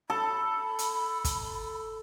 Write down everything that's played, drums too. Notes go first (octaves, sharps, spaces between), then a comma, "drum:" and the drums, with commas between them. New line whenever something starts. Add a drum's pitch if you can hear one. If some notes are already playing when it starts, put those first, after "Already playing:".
A4 B5
drum: hi-hat
drum: kick, hi-hat